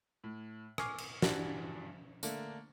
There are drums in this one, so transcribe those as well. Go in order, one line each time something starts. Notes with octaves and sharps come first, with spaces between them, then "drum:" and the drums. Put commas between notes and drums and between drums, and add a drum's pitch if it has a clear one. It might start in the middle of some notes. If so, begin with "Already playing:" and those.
A2
G#5 C#6 D6 F6 C7, drum: rim click
drum: cymbal
G2 E3 G3 D4 F#4, drum: snare
D3 A3 A#3 D4, drum: tambourine